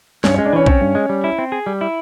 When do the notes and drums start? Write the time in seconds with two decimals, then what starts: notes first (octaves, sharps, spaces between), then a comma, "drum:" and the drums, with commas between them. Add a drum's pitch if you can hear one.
0.24 G2 C#4 C#5, drum: snare
0.34 C#4 C#5
0.38 G#3
0.46 D4 D5
0.53 E3 C#4 C#5
0.66 C4 C#4 C#5, drum: kick A#1
0.81 G2
0.95 G#3
1.09 G3
1.24 E4
1.39 C4
1.52 G#4
1.66 G3
1.81 E4